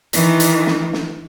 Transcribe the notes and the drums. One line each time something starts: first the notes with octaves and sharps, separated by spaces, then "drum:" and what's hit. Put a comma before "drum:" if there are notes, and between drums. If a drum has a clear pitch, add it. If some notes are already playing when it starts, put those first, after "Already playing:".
D#3 E3, drum: hi-hat
drum: hi-hat
drum: snare
drum: snare